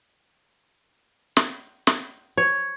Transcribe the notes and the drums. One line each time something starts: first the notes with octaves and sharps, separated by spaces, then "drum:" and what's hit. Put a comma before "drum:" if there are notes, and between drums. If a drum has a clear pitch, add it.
drum: snare
drum: snare
C#5